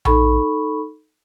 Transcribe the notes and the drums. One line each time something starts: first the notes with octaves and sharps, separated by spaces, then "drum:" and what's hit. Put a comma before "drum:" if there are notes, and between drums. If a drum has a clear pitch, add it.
D#4 A4 B5 C#6, drum: tom A#1